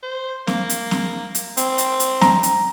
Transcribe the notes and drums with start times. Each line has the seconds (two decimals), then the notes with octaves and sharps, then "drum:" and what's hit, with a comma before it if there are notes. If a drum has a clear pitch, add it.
0.03 C5
0.47 A#3, drum: snare C4
0.69 drum: hi-hat
0.91 drum: snare C4
1.35 drum: hi-hat
1.57 C4, drum: hi-hat
1.78 drum: hi-hat
2.00 drum: hi-hat
2.21 A#5, drum: snare C4
2.43 drum: hi-hat